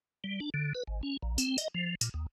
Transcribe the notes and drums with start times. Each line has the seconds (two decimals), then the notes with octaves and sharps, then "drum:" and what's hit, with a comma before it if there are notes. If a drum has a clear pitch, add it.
0.24 G3
0.40 D4
0.54 D3
0.75 B4
0.87 G#1
1.03 C#4
1.22 A#1
1.38 C4, drum: tambourine
1.58 D#5, drum: tambourine
1.75 F3
2.01 A#2, drum: tambourine
2.14 D#2